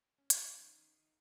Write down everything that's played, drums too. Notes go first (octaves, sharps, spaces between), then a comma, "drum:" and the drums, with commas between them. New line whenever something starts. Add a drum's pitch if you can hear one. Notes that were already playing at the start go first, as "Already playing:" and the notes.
C#4
drum: hi-hat
D#3 F5